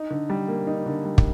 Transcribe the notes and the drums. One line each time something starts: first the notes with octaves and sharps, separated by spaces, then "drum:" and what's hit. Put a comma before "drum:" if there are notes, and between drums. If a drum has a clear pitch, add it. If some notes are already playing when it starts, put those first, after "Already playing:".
Already playing: D#4
D3
G3
A#3
D#4
D3
G3
drum: kick